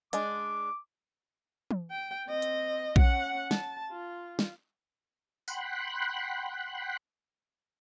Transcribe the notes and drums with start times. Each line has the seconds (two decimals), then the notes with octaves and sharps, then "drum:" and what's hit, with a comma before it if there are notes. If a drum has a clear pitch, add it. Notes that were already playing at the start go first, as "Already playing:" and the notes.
0.13 G#3 D4 D6, drum: hi-hat
1.71 drum: tom E3
1.91 G5
2.27 C4 D#5
2.42 drum: hi-hat
2.96 C#4 F#5, drum: kick A#1
3.51 A5, drum: snare
3.91 F4
4.39 drum: snare
5.48 F#5 G5 B5 C6 F#6, drum: tambourine